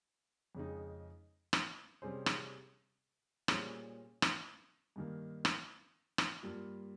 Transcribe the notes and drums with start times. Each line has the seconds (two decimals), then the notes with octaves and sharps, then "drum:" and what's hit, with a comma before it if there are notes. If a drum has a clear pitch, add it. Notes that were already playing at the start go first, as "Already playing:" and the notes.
0.55 F2 C#3 G#3 D#4
1.53 drum: rim click
2.02 C3 G3 C#4 G#4 C5
2.26 drum: rim click
3.48 A#2 G3 C#4 G#4 C5, drum: rim click
4.22 drum: rim click
4.96 G2 D#3 A#3
5.45 drum: rim click
6.18 drum: rim click
6.43 G2 G3 A#3 F4